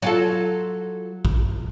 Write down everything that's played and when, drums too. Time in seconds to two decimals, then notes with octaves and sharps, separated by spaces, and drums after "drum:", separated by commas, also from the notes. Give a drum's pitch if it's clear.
0.02 F#3 F4 A4
1.25 drum: kick A1